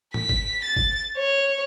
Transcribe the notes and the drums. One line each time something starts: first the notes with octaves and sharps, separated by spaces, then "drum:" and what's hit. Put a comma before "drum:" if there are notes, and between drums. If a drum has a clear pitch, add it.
B6, drum: tom G#2
drum: kick G1
A6
drum: kick G1
C#5